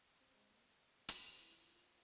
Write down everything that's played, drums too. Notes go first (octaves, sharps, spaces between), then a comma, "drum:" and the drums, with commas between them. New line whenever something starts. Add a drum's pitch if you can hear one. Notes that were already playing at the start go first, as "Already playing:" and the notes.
C4
G#3
A#3
A#3, drum: hi-hat
C4
E4
F4
F4